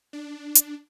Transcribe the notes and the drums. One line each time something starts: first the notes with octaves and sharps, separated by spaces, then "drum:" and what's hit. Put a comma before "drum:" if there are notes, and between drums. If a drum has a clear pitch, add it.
D4
drum: hi-hat